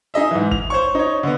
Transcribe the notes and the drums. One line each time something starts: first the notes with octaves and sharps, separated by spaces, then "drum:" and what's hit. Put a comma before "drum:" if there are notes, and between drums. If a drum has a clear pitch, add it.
D#4 G#4 D#5 E5
G#2 E3
F7, drum: kick
C5 C#5 C#6
D#4 C#5
D3 B3